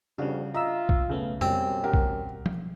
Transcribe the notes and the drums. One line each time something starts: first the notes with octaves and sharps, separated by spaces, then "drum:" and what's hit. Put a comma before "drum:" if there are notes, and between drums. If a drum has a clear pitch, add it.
F2 C#3 G3 D4 F#4
F4 D#5 E5 A#5 E6
drum: kick
B1 C#3 A3 B3
F#2 B2 G3 C4, drum: tom F2
G4 A#4 F#5
drum: kick
drum: tom F3